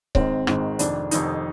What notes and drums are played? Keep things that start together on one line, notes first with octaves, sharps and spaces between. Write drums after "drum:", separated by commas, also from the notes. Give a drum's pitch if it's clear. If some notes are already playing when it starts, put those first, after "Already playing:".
G#1 G#2 D#3 C4, drum: kick C#1
G#1 G#2 D#3, drum: rim click
F1 F2 D#3 D4, drum: hi-hat
F1 F2 D#3 D#4, drum: hi-hat